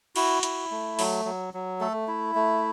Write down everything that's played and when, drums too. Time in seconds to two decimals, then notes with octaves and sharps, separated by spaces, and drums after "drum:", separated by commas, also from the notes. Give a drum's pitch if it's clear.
0.16 E4 F#4, drum: cymbal
0.43 E4, drum: hi-hat
0.71 A3
0.99 F#3, drum: open hi-hat
1.25 F#3
1.54 F#3
1.80 A3 A4
2.08 E4
2.35 A3